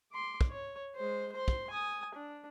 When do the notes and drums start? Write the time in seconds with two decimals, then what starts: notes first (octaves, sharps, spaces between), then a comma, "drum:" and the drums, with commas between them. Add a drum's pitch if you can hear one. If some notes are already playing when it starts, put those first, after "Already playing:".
0.12 C6 D6
0.41 drum: kick
0.51 C#5
0.96 G#3 C5
1.32 C5 C6
1.48 drum: kick
1.71 G#5 D#6
2.15 D4